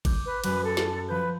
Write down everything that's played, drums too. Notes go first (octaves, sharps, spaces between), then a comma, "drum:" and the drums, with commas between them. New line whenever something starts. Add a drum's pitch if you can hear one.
D6 G6, drum: kick G#1, cymbal
B4
F#2 F#3 B4, drum: cymbal
A4
drum: snare
F3 B4 G6